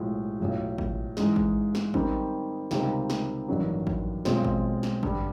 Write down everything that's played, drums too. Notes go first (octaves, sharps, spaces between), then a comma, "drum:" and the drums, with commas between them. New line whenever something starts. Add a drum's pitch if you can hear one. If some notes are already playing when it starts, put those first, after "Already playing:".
Already playing: B1 A2 F3 G#3
B1 A2 F3
drum: kick A1
G#2 E3 G#3, drum: snare
drum: kick A1
drum: snare
D#3 G3 C4, drum: kick A1
C#2 C3 D#3 G3 C4, drum: snare
drum: snare
A1 G2 D#3 F#3
drum: kick A1
B1 B2 G#3 C4 F4, drum: snare
drum: kick A1
drum: snare
G2 D3 G3, drum: kick A1